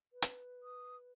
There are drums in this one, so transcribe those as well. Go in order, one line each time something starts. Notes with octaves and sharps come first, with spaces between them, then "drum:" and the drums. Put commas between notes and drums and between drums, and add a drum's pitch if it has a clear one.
B4
drum: hi-hat
D#6